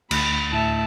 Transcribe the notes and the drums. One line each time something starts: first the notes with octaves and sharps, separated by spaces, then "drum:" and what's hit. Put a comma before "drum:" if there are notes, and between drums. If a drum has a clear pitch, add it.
D2 B5, drum: cymbal
A2 E5 A5